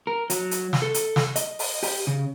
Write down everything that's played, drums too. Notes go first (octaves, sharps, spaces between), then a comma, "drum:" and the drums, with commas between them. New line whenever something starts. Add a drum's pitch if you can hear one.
A#4
F#3, drum: hi-hat
drum: hi-hat
drum: snare
A4
drum: hi-hat
drum: snare
D#5, drum: hi-hat
drum: open hi-hat
G4, drum: open hi-hat
C#3